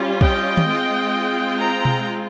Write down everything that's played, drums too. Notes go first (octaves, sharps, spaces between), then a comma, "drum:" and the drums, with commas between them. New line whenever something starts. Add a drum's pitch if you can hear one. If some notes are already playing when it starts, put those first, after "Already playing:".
Already playing: G3 C#4 F4
D#5 G5, drum: kick
drum: tom D#3
G#3 C4 F4
G5 A#5
drum: tom B2